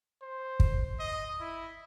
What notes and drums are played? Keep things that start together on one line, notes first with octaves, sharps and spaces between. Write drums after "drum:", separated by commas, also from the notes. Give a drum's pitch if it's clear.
C5
drum: kick
D#5
E4